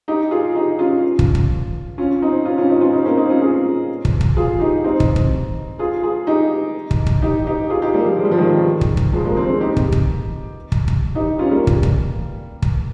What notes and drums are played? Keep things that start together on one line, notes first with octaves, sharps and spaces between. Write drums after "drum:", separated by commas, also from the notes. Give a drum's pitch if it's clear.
D#4 G4
F4 G#4
D#4 G4
C#4 F4
drum: kick
drum: kick
C#4 F4
C4 D#4
C#4 F4
C#4 F4
C4 D#4
C#4 F4
C4 D#4
A#3 C#4
C4 D#4
C#4 F4
F4 G#4
drum: kick
drum: kick
F4 G#4
D#4 G4
C4 D#4
drum: kick
drum: kick
F4 G#4
F4 G#4
D#4 G4
drum: kick
drum: kick
D#4 G4
D#4 G4
F4 G#4
D#4 G4
G3 A#3
F3
G#3
G3
F3
D#3 G3
drum: kick
drum: kick
F3 G#3
G3 A#3
G#3 C4
G#3 C4
D#4 G4
drum: kick
drum: kick
drum: kick
drum: kick
D#4 G4
C#4 F4
G3 A#3
drum: kick
drum: kick
drum: kick